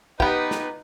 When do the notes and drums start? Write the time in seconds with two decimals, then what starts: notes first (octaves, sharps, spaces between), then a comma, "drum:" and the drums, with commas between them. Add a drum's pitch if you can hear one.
0.20 B3 D#4 G4 B4, drum: kick
0.51 drum: snare